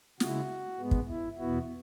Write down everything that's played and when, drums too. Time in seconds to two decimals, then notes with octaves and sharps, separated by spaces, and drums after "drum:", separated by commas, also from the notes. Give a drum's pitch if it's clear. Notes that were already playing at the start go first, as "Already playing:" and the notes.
0.20 C#3 G#3 E4 F#4, drum: snare
0.79 G#2 G#3 B3
0.91 drum: kick
1.09 E4
1.38 E2 B2 B3 E4 F#4